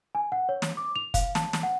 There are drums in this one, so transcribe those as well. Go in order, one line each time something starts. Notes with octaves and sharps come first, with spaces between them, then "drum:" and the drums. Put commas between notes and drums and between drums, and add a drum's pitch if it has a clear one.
G#5
F#5
C#5
drum: snare
D6
F7
F5, drum: kick, hi-hat
A5, drum: snare
drum: snare
F#5